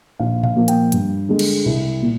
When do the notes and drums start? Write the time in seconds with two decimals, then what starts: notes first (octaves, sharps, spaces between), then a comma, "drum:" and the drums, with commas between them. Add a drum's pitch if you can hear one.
0.19 A#1 F5
0.43 F5, drum: tom A#2
0.56 A#2 F3 A#3 F4
0.68 G5, drum: hi-hat
0.92 G2, drum: hi-hat
1.29 D3 G#3
1.39 drum: cymbal
1.65 C2
2.02 A#2